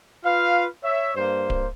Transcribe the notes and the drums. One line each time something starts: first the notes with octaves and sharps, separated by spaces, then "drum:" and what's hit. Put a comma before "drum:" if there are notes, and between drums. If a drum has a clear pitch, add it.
F4 B4 F5
C#5 E5
G2 A#3 C5
drum: kick D1